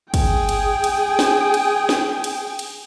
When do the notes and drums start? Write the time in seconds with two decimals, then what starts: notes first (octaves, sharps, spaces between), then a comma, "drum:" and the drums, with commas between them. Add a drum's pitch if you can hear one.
0.14 G#4 G5, drum: kick, cymbal
0.49 drum: cymbal
0.84 drum: cymbal
1.19 drum: snare
1.54 drum: cymbal
1.89 drum: snare
2.24 drum: cymbal
2.59 drum: cymbal